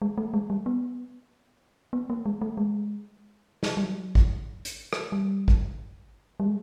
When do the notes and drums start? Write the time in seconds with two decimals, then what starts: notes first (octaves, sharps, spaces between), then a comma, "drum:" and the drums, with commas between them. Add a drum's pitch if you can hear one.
0.02 G#3
0.18 A3
0.34 G#3
0.50 G3
0.66 B3
1.93 B3
2.10 A#3
2.26 G#3
2.41 A3
2.57 G#3
3.63 drum: snare
3.77 G3
3.84 F#3
4.15 drum: kick G#1
4.65 drum: hi-hat
4.93 drum: rim click
5.12 G3
5.48 drum: kick G#1
6.40 G3
6.46 G#3